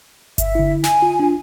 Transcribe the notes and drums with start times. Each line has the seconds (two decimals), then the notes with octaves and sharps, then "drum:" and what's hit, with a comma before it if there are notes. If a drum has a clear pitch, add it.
0.38 E5, drum: kick G1, hi-hat
0.55 D3 E4
0.84 G#5, drum: snare
1.02 F4
1.20 D4 F4